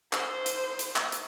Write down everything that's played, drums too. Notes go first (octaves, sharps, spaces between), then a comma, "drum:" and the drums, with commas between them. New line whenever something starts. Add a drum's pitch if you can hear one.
C5, drum: clap
drum: hi-hat
drum: hi-hat
drum: clap
drum: hi-hat